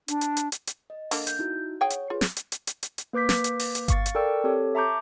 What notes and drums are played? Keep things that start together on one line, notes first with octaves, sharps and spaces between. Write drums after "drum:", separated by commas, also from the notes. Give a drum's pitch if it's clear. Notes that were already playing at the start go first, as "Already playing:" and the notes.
D4, drum: hi-hat
drum: hi-hat
drum: hi-hat
drum: hi-hat
drum: hi-hat
D#5
D3 A#3, drum: open hi-hat
G6, drum: hi-hat
D#4 E4 F#4
G#4 C#5 F#5 G5
drum: hi-hat
F4 G#4 B4
drum: snare
drum: hi-hat
drum: hi-hat
drum: hi-hat
drum: hi-hat
drum: hi-hat
A#3 B4 D6 G6 B6
drum: snare
drum: hi-hat
drum: open hi-hat
drum: hi-hat
F5 C#6 A6, drum: kick G1, hi-hat
drum: hi-hat
A4 A#4 D5 G5 C#6 E6
C4 G4 A4 C#5
E5 A5 A#5 C#6 D6 G6